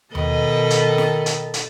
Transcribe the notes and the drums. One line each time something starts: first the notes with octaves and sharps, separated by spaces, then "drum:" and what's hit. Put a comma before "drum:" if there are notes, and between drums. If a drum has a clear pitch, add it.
B2 D#3 A4 B4 D#5, drum: tom D#2
drum: hi-hat
drum: snare
drum: hi-hat
drum: hi-hat